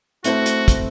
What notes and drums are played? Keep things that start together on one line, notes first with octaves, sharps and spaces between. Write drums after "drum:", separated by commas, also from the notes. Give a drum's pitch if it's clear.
A3 C4 E4 F#4 A4 C5, drum: hi-hat
drum: hi-hat
drum: kick, hi-hat